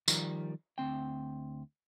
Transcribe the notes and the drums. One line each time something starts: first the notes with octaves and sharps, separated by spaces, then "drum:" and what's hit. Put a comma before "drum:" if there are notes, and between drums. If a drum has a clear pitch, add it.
D#3 F3 G3 A#4, drum: tambourine
D2 C4 G5